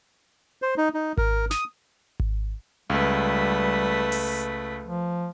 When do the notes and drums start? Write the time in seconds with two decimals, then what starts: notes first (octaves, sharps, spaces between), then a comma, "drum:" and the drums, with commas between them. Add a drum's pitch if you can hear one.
0.62 C5
0.77 D#4
0.94 D#4
1.17 A#4, drum: kick G#1
1.51 D#6, drum: snare
2.20 drum: kick G#1
2.90 C#2 G3 A3 B4
4.12 drum: open hi-hat
4.86 F3